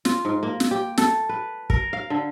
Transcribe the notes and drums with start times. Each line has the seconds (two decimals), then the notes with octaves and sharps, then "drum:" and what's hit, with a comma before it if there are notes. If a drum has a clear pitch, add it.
0.05 F4, drum: snare
0.25 G#2
0.43 A#3
0.60 drum: snare
0.71 G4
0.98 A4, drum: snare
1.29 B4
1.70 A#4, drum: kick
1.93 F5
2.10 D3